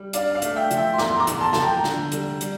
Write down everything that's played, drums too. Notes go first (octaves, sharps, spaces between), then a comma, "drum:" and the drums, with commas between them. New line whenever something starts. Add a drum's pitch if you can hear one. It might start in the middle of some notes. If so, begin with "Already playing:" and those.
Already playing: G3
D4 D5 F5, drum: hi-hat
D5 F5
A3, drum: hi-hat
E5 G5
F3, drum: hi-hat
E5 G5
C6
E2 A#5 D6, drum: snare
C6
A#5 D6
E2, drum: hi-hat
A5 C6
F3 A5, drum: snare
G5 A#5
D3, drum: snare
G3, drum: hi-hat
G3, drum: hi-hat